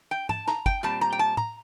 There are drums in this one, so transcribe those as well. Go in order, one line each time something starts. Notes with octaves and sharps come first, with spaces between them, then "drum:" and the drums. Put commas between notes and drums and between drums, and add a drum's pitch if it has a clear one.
G5
A5, drum: tom G#2
A#5, drum: snare
G5, drum: kick
A#2 G3 C4 A5
A#5
G5
A5
A#5, drum: tom